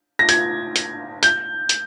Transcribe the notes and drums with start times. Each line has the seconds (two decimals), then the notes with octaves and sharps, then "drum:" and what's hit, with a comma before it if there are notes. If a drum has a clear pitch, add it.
0.19 A#6
0.29 G#6, drum: hi-hat
0.76 drum: hi-hat
1.23 G6, drum: hi-hat
1.69 drum: hi-hat